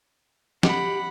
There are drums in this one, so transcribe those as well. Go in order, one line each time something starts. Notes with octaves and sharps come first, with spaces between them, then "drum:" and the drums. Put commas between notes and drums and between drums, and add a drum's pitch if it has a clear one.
G4 F#5 B5, drum: snare